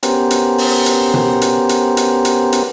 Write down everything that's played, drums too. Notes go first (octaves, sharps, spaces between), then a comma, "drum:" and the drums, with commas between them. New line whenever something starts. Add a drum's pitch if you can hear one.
B3 C#4 G4 A#4 C5, drum: hi-hat
drum: hi-hat
drum: open hi-hat
drum: hi-hat
drum: tom B2
drum: hi-hat
drum: hi-hat
drum: hi-hat
drum: hi-hat
drum: hi-hat